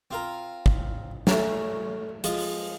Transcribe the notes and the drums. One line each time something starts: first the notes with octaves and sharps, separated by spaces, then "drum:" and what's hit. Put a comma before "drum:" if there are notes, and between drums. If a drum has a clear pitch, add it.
C4 F4 A#4
drum: kick
A3 C#4 A#4, drum: snare
F3 G#3 F4, drum: hi-hat
drum: open hi-hat